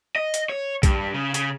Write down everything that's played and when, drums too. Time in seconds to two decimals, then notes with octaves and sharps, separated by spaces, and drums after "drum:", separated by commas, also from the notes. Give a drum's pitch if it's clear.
0.16 D#5
0.34 drum: hi-hat
0.49 C#5
0.83 G2, drum: kick B1, hi-hat
1.14 C#3
1.34 C#3, drum: hi-hat